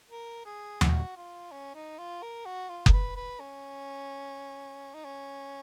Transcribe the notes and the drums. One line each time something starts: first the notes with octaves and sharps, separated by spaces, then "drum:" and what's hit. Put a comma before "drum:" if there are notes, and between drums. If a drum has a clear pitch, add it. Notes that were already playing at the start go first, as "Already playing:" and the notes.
A#4
G#4
F#4, drum: tom D#2
F4
C#4
D#4
F4
A#4
F#4
F4
A#4, drum: kick F#1
B4
B4
C#4
D#4
C#4